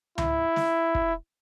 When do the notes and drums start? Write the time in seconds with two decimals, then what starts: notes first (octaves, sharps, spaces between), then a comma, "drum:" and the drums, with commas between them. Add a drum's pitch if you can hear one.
0.18 E4, drum: tom C#2
0.56 drum: snare
0.95 drum: kick